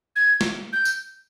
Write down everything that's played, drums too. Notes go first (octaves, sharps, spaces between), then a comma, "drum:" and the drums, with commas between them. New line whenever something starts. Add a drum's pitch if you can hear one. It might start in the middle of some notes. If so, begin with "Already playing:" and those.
G#6
drum: snare
G6
drum: tambourine